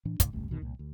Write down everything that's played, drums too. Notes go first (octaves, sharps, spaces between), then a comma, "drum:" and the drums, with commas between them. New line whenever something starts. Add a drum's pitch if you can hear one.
A2 E3 D4
B1 G#2 C#3, drum: kick, hi-hat
E1 C#2 G2 A3
B1 E2 B2 D#3
C2 A#2
D2